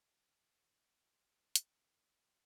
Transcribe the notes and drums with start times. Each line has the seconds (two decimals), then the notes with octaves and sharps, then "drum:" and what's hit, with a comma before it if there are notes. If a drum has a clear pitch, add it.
0.10 D6
0.13 G4 D#6
0.49 D4
0.84 G4 D6
1.08 C6
1.20 G4
1.56 G4 D6, drum: hi-hat
1.73 D#6
1.91 G4 D#6
2.00 D6
2.08 C6
2.26 G4 C6